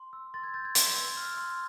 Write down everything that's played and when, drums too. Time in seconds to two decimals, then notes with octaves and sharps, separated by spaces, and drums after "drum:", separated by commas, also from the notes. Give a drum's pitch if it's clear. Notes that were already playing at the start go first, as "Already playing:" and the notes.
Already playing: C6
0.13 E6
0.34 C6 A6
0.44 G#6
0.54 G6 A6
0.65 G#6
0.75 C6, drum: hi-hat
0.96 E6
1.17 F6
1.37 C6